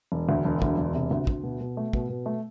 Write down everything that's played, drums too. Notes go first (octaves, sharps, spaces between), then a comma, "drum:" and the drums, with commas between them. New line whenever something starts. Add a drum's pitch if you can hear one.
E1
D2
E1
D2, drum: kick
E1
C3
D2
D2, drum: kick
B2
B2
A3
B2, drum: kick
B2
A3